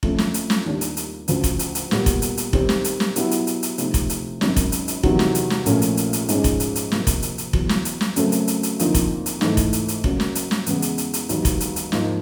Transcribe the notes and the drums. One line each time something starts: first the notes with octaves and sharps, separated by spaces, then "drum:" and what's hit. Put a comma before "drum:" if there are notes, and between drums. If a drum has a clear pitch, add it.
F2 D3 F3 A3 C#4, drum: kick F1
drum: snare
drum: hi-hat
drum: snare
D#2 D#3 G3 A#3 D4
drum: hi-hat
drum: hi-hat
D2 C#3 F3, drum: hi-hat
drum: kick F1, hi-hat
drum: hi-hat
drum: hi-hat
A#2 G3 B3, drum: snare
drum: kick F1, hi-hat
drum: hi-hat
drum: hi-hat
D#3 G3 C4 D#4, drum: kick F1
drum: snare
drum: hi-hat
drum: snare
B2 F#3 B3 E4 G4, drum: hi-hat
drum: hi-hat
drum: hi-hat
drum: hi-hat
C3 F3 A3 C4 D#4, drum: hi-hat
drum: kick F1, hi-hat
drum: hi-hat
G#1 F#2 D#3, drum: snare
drum: kick F1, hi-hat
drum: hi-hat
drum: hi-hat
E2 C3 D#3 F#3, drum: kick F1
drum: snare
drum: hi-hat
drum: snare
A#1 A#2 F3 A3 C#4, drum: hi-hat
drum: hi-hat
drum: hi-hat
drum: hi-hat
G#2 F3 G#3 C#4, drum: hi-hat
drum: kick F1, hi-hat
drum: hi-hat
drum: hi-hat
C3 F3 A#3 D4, drum: snare
drum: kick F1, hi-hat
drum: hi-hat
drum: hi-hat
E2 B2 F#3, drum: kick F1
drum: snare
drum: hi-hat
drum: snare
F#2 C#3 F#3 A3 C4, drum: hi-hat
drum: hi-hat
drum: hi-hat
drum: hi-hat
F2 D3 F3 A#3 D#4, drum: hi-hat
drum: kick F1, hi-hat
drum: hi-hat
G#2 E3 A3, drum: snare
drum: kick F1, hi-hat
drum: hi-hat
drum: hi-hat
C#3 F#3 A#3, drum: kick F1
drum: snare
drum: hi-hat
drum: snare
E2 C#3 E3 G#3 B3, drum: hi-hat
drum: hi-hat
drum: hi-hat
drum: hi-hat
E1 D#2 D#3 F#3, drum: hi-hat
drum: kick F1, hi-hat
drum: hi-hat
drum: hi-hat
G#2 F3 A#3 D#4, drum: snare